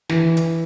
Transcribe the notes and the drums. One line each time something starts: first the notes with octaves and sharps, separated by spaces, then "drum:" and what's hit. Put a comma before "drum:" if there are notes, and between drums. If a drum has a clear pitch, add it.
E3, drum: snare
drum: hi-hat